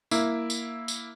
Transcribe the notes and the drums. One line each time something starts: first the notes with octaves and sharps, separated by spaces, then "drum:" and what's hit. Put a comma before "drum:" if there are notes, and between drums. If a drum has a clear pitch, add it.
A#3 E4, drum: tambourine
drum: tambourine
drum: tambourine